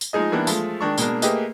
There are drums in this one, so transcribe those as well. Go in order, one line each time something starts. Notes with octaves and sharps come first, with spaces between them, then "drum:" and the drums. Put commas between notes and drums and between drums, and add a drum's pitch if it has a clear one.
drum: tambourine
F3 G#3 D#4 G#4 D#5
E3 G3 A#3 B3 D4 E4
F3 G#3 A3 F4, drum: tambourine
D#3 G#3 D4 C#6
B2 G#3 A#3 D4, drum: tambourine
A3 A#3 G4 G#4 B4 D#5, drum: tambourine